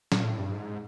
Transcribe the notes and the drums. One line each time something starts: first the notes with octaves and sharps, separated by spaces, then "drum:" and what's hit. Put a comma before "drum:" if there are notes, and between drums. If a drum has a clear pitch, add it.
A#2, drum: snare
A2
G2
G#2